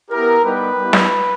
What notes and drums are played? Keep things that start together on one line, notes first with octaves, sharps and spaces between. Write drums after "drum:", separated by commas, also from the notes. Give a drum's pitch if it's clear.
B3 E4 G4 A#4
G3 B3 D#4 G4 B4
G3 B3 E4 G4
drum: snare